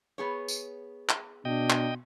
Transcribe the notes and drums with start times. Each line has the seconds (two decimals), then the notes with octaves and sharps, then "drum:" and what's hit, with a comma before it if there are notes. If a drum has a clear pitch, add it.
0.18 B3 G#4 C#5
0.48 drum: tambourine
1.09 drum: clap
1.45 B2 D4 D#5 G5
1.70 drum: clap